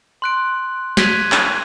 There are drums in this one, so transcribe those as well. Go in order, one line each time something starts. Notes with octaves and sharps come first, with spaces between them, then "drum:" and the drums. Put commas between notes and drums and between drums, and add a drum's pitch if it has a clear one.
C6 F#6 D7
F#6 G#6 B6 D#7, drum: snare
drum: clap